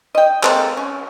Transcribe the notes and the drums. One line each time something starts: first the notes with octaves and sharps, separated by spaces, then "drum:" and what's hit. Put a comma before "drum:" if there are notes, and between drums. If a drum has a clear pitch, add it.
D#5 G5
G#3 A#3 C4 A4, drum: clap
C#4